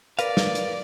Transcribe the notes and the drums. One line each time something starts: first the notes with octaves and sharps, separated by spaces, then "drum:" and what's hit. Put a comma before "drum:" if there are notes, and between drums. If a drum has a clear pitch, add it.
A#4 B4 D5 F5, drum: hi-hat
drum: snare
drum: hi-hat